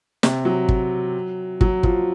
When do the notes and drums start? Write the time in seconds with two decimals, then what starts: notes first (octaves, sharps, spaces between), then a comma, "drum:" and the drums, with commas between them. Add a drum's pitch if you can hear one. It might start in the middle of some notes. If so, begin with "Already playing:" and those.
0.23 C3, drum: snare
0.45 F#3
0.69 drum: kick
1.61 F#3, drum: kick
1.83 F3, drum: kick